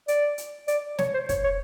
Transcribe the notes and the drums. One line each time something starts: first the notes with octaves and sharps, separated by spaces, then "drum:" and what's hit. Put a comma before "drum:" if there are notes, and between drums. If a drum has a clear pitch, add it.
D5, drum: hi-hat
drum: hi-hat
D5, drum: hi-hat
C#5, drum: snare
C5
C#5, drum: kick, hi-hat
C#5